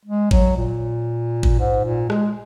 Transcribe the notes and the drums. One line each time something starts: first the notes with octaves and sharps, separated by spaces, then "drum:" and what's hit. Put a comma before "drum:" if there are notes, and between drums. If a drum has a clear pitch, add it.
G#3
F#3, drum: kick G#1
A#2
drum: kick G#1
G#2
A#2
G#3, drum: rim click